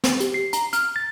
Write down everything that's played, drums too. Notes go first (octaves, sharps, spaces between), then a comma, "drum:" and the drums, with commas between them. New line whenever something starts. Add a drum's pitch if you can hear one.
drum: snare
G4, drum: hi-hat
C7
A#5, drum: hi-hat
F6, drum: hi-hat
A6